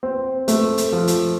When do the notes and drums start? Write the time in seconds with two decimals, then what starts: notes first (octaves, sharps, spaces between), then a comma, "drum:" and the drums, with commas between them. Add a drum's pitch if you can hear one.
0.03 C4
0.48 A3, drum: hi-hat
0.78 drum: hi-hat
0.93 F3
1.08 drum: hi-hat